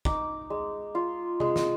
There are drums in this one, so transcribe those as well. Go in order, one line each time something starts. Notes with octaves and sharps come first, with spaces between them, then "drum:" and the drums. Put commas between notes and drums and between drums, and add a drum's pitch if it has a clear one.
D#4 D6, drum: kick G1
G#3
F4
G#3, drum: tom C3
drum: snare